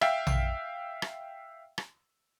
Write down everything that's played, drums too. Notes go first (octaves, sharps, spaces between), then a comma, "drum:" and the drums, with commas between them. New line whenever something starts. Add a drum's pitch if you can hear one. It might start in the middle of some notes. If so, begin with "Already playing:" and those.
E5 F5 G5, drum: rim click
drum: tom A#1
drum: rim click
drum: rim click